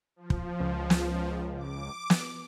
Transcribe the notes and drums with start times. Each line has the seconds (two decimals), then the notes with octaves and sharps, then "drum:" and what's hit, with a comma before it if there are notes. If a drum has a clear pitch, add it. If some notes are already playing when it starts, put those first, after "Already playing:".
0.16 F3
0.30 drum: kick
0.60 C#2
0.90 drum: snare
1.57 D6
2.10 drum: snare